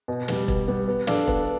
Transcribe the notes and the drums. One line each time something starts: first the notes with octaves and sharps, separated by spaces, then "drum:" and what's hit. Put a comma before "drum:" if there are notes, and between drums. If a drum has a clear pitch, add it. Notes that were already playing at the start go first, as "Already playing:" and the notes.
B2
G3 B3, drum: snare
B2, drum: kick E1
G3 B3
B3
D4 A4 D5 F5, drum: snare
B3, drum: kick E1